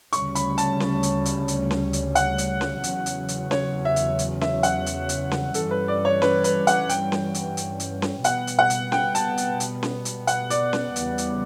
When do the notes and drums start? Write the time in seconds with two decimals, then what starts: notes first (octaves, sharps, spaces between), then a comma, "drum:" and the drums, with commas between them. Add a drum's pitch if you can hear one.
0.12 D2 C#3 G3 C#4 C#6, drum: hi-hat
0.35 B5, drum: hi-hat
0.58 A5, drum: hi-hat
0.80 drum: snare C#4
1.03 drum: hi-hat
1.25 drum: hi-hat
1.48 drum: hi-hat
1.71 drum: snare C#4
1.93 drum: hi-hat
2.15 F#5, drum: hi-hat
2.38 drum: hi-hat
2.61 drum: snare C#4
2.84 E2 C#3 F#3 C#4, drum: hi-hat
3.06 drum: hi-hat
3.28 drum: hi-hat
3.51 C#5, drum: snare C#4
3.85 E5
3.96 drum: hi-hat
4.19 drum: hi-hat
4.41 E5, drum: snare C#4
4.63 F#5, drum: hi-hat
4.86 drum: hi-hat
5.09 drum: hi-hat
5.31 drum: snare C#4
5.54 G2 E3 G3 C#4 A4, drum: hi-hat
5.71 B4
5.88 D5
6.05 C#5
6.22 B4, drum: snare C#4
6.44 B4, drum: hi-hat
6.67 F#5, drum: hi-hat
6.89 G5, drum: hi-hat
7.12 drum: snare C#4
7.34 drum: hi-hat
7.57 drum: hi-hat
7.80 drum: hi-hat
8.02 drum: snare C#4
8.24 B2 G3 B3 F#5, drum: hi-hat
8.47 drum: hi-hat
8.59 F#5
8.70 drum: hi-hat
8.92 G5, drum: snare C#4
9.15 A5, drum: hi-hat
9.37 drum: hi-hat
9.60 drum: hi-hat
9.83 drum: snare C#4
10.05 drum: hi-hat
10.27 F#5, drum: hi-hat
10.50 D5, drum: hi-hat
10.73 drum: snare C#4
10.96 E2 C#3 G3 B3, drum: hi-hat
11.18 drum: hi-hat